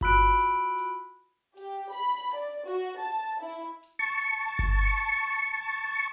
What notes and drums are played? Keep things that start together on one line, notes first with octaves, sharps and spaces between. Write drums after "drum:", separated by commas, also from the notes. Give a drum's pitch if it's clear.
F4 F#4 B5 E6 F#6 D7, drum: kick G1, hi-hat
drum: hi-hat
drum: hi-hat
G4, drum: hi-hat
B5, drum: hi-hat
D5
F#4, drum: hi-hat
A5
E4
drum: hi-hat
A5 C#6
drum: hi-hat
drum: kick G1, hi-hat
drum: hi-hat
drum: hi-hat